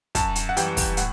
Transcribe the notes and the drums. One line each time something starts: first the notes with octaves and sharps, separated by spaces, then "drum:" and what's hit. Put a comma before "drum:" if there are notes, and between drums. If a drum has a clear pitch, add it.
F#2 A5, drum: kick, hi-hat
drum: hi-hat
F#5
E3 G3 G5, drum: hi-hat
drum: kick, open hi-hat
A2 F#5, drum: hi-hat